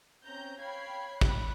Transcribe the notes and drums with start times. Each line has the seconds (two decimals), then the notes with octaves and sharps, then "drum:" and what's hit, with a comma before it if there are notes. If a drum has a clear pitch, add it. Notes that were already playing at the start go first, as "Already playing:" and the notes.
0.24 C4 C#4 A#5 G6
0.61 C#5 F5 G5 B5 G#6 C7
1.21 B5 F#6, drum: kick